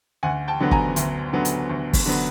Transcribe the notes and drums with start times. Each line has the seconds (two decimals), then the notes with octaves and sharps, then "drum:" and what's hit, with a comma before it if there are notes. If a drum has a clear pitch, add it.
0.23 D2 F#5 G#5
0.48 G5 A5
0.60 D3 F#3 B3
0.71 G#5 A#5, drum: kick
0.96 D2, drum: hi-hat
1.33 D3 F#3 B3
1.45 drum: hi-hat
1.69 D2
1.93 drum: kick, open hi-hat
2.06 D3 F#3 B3